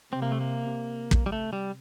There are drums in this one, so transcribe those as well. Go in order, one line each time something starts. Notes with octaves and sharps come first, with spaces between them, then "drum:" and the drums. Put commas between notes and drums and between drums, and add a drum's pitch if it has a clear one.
C3 C4
A#3
A3
A#3
drum: kick
G3
A3
G3